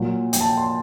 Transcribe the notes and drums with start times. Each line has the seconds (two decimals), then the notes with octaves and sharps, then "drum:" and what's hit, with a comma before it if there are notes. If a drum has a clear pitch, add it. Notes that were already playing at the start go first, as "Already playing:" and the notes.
Already playing: A#2 F#3
0.33 G5, drum: hi-hat
0.41 A5
0.57 C6